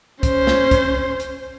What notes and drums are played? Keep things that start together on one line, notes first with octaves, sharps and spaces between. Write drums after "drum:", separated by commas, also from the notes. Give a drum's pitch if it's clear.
C#4 C5, drum: kick B1, hi-hat
drum: snare
drum: kick B1, hi-hat
drum: hi-hat